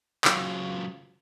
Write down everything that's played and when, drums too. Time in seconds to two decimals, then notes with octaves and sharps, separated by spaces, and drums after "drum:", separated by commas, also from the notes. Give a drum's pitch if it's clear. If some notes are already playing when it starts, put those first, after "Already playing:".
0.25 C#3 F#3 F4, drum: clap